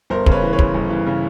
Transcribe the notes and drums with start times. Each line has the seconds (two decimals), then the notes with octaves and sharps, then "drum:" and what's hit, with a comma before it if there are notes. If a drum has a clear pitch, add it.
0.10 G1 A#4 C5
0.26 C#3, drum: kick
0.31 B4 C#5
0.42 E3
0.53 B4 C#5
0.59 C#3, drum: kick
0.74 G1
0.90 E3
1.06 C#3